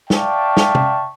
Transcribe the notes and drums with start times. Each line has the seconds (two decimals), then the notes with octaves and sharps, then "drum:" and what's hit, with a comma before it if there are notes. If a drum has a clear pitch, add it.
0.10 D5 E5 F5 G5 A5 C#6, drum: snare
0.57 drum: snare
0.75 drum: tom